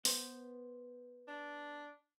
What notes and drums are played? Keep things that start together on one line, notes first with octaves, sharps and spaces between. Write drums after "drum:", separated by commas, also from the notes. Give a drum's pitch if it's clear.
B3 B4 C5, drum: open hi-hat
D4